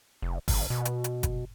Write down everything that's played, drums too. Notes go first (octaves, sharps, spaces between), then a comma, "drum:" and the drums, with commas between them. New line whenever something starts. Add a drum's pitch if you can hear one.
F1
G#1, drum: kick F#1, open hi-hat
B2
drum: hi-hat
drum: hi-hat
drum: kick F#1, hi-hat